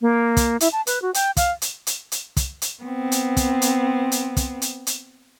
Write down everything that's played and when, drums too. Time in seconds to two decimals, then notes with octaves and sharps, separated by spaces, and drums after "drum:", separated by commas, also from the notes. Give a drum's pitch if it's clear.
0.01 A#3
0.37 drum: kick, hi-hat
0.60 E4, drum: hi-hat
0.72 A5
0.87 B4, drum: hi-hat
1.02 F#4
1.14 G5, drum: hi-hat
1.37 F5, drum: kick, hi-hat
1.62 drum: hi-hat
1.87 drum: hi-hat
2.12 drum: hi-hat
2.37 drum: kick, hi-hat
2.62 drum: hi-hat
2.83 B3 C4
3.12 drum: hi-hat
3.37 drum: kick, hi-hat
3.62 drum: hi-hat
4.12 drum: hi-hat
4.37 drum: kick, hi-hat
4.62 drum: hi-hat
4.87 drum: hi-hat